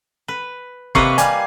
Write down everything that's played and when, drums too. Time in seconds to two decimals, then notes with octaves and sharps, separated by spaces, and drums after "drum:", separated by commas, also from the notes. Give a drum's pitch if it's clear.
0.28 B4
0.95 C3 A#3 B4 D#5 C#6 C7, drum: kick F#1
1.18 G3 F4 G#5, drum: hi-hat